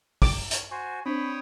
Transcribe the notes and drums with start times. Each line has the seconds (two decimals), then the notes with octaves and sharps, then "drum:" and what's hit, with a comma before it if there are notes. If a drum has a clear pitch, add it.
0.22 D6, drum: kick, open hi-hat
0.51 drum: hi-hat
0.71 F#4 C5 G#5 C6
1.06 C4 D4 C5 C#5 G5 B5 D#6